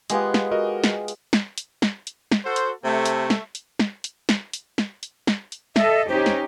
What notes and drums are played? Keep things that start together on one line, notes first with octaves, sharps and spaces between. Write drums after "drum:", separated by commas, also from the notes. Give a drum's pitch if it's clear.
G#3 B3 F4 G4 G#4, drum: hi-hat
drum: snare
F#4 A#4 D#5
drum: snare
drum: hi-hat
drum: snare
drum: hi-hat
drum: snare
drum: hi-hat
drum: snare
F#4 A4 C5
drum: hi-hat
C3 A3
drum: hi-hat
drum: snare
drum: hi-hat
drum: snare
drum: hi-hat
drum: snare
drum: hi-hat
drum: snare
drum: hi-hat
drum: snare
drum: hi-hat
A4 D#5 E5, drum: snare
C#4 D#4 G4 C5
drum: snare